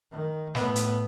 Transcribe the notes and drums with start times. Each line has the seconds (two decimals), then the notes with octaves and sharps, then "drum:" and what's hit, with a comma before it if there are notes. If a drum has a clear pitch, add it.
0.12 D#3
0.55 A2 B3, drum: snare
0.76 drum: hi-hat